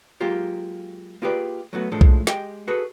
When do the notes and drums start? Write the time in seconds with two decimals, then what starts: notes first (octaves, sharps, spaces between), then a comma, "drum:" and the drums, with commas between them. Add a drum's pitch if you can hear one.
0.21 F#3 G#3 A#3 F4 G4
1.22 A#3 F4 G4 G#4 B4 D5
1.73 F#3 A3 B3 F#4
1.92 A2 F3 G#3 D4 A4
2.01 drum: kick B1
2.27 G#3 G4 D#5 G5, drum: snare
2.68 F#4 G#4 A4 B4